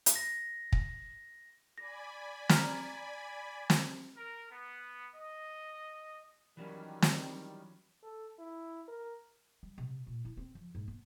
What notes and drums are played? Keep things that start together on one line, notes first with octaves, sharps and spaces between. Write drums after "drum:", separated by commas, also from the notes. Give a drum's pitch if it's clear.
drum: hi-hat
A#6
drum: kick
D5 G#5 B5 A#6
A#5 F6 B6, drum: snare
drum: snare
A#4
B3
D#5
D#3 E3 F#3 G3 C#4
drum: snare
A4
E4
A#4
G3
C3
A#2
E4
C4
F3
G#2
B3